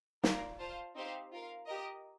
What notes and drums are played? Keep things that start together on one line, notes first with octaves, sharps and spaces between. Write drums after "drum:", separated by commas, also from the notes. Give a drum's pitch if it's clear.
F4 A#4 D5 F5, drum: snare
F4 C5 F5 A5
C4 D#4 G4 C5 F5
F4 A#4 F5
G4 A#4 D#5